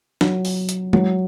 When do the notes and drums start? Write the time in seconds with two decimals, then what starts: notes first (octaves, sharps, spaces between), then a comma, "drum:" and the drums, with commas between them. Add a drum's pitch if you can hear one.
0.21 F#3, drum: snare D4
0.45 drum: open hi-hat
0.69 drum: hi-hat
0.93 F#3, drum: tom G#3